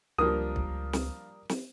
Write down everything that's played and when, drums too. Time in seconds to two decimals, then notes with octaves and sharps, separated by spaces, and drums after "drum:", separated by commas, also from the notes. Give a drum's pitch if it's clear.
0.18 C#2 F3 G3 A#3 D4 A#4 D#6
0.56 drum: kick B1
0.93 drum: snare
1.49 drum: snare